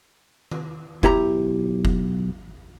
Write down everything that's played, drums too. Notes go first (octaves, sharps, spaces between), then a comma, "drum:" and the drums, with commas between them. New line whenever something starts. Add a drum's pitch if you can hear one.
drum: tom D#3
B1 E4 G4 A#5, drum: kick F1
drum: kick F1